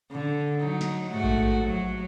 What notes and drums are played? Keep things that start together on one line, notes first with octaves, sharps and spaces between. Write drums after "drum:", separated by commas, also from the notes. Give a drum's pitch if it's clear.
D3
F#3 D#4
drum: snare
G#2 A3 F#4
drum: kick A1
F#3